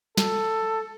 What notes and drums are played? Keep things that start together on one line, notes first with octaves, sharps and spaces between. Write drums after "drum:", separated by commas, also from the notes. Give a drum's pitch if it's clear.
A4, drum: snare